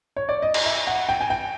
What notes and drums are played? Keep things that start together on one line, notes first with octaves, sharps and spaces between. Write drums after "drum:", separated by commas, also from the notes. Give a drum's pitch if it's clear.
C#5
D5
D#5
drum: cymbal
E5
F#5
G5
G#5
G5